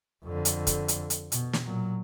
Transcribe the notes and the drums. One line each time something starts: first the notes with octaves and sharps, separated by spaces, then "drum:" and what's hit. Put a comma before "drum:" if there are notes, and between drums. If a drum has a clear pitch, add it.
F2 D3
drum: hi-hat
drum: kick, hi-hat
drum: hi-hat
drum: hi-hat
B2, drum: hi-hat
drum: snare
A#2 F#3